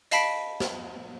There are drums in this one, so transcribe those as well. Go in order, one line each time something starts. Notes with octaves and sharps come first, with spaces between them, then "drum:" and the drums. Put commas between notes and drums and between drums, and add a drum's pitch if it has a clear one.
D#5 F5 A5 B5 B6 D7, drum: hi-hat
drum: snare